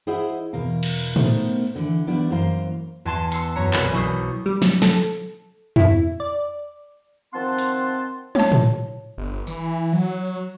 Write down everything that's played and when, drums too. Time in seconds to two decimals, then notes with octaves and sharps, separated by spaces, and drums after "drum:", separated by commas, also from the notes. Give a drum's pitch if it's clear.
0.07 E4 G#4 C5 D#5 E5 F#5
0.53 E2 B2 A#4 F5
0.83 drum: cymbal
1.16 A3 B3 D#4 A#4 C5, drum: tom A2
1.76 D3 E3
2.07 F3 G3 B3 D4 E4
2.31 F#2 E3 A#3 C5 F5 A#5
3.05 E2 G#5 A5 C6 E7
3.32 C6 E6 C7 C#7, drum: hi-hat
3.55 F#2 B3 C#5 A#5 C#7
3.73 E1 C2 A#4 G#5 B5, drum: clap
3.93 B1 E4 C#6 D#6 G6 C7
4.46 G3
4.62 drum: snare
4.82 A4, drum: snare
5.76 E4, drum: tom E2
6.20 D5
7.34 D#3 F3 C4 F#5 A5 C6
7.59 drum: hi-hat
8.35 C#5 A5, drum: tom
8.52 drum: tom A2
9.18 G1
9.47 E3, drum: tambourine
9.93 F#3